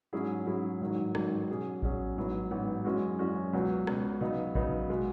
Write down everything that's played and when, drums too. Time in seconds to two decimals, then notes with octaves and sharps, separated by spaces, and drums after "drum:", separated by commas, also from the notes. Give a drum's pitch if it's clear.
0.13 G#2 F#3 C#4 E4 G#4
0.46 G#2 F#3 C#4 E4 G#4
0.81 A1 G#2 D#3 F#3
1.15 A1 G#2 D#3 F#3, drum: rim click
1.49 B2 F#3 C#4 G#4
1.82 B2 F#3 C#4 G#4, drum: kick A1
2.16 A1 G#2 F#3 B3 E4
2.51 A1 G#2 F#3 B3 E4
2.85 F#2 E3 G#3 C#4 F#4
3.19 F#2 E3 G#3 C#4 F#4
3.53 C#2 B2 F#3 B3
3.87 C#2 B2 F#3 B3, drum: rim click
4.21 C#3 F#3 B3 D#4
4.55 C#3 F#3 B3 D#4, drum: kick A1
4.90 B2 G#3